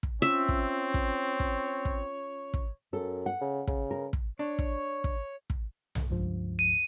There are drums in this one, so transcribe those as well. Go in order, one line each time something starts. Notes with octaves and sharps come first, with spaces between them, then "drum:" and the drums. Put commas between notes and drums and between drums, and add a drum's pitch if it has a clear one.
drum: kick
C4 C#4 F4 C#5 E5
drum: kick
drum: kick
drum: kick
drum: kick
drum: kick
F#2 A4
F#5
C#3
C#3, drum: kick
A#4
drum: kick
D4 C#5
drum: kick
drum: kick
drum: kick
drum: tom B1
C#2 G2 F3
D#7